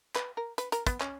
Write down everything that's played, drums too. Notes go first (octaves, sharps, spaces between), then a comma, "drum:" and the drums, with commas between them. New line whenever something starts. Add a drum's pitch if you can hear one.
B4, drum: clap
A#4
B4, drum: hi-hat
A#4, drum: hi-hat
B3, drum: kick, hi-hat
C#4, drum: clap